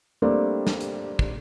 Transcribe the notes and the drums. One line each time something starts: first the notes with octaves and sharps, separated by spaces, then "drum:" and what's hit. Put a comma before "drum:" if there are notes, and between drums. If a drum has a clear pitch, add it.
G3 A3 A#3 C4 D4
drum: snare
drum: hi-hat
drum: kick